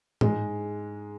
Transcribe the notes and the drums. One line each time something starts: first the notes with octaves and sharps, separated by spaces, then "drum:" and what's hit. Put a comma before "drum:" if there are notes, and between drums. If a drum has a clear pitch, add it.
G#2 G#3, drum: tom A2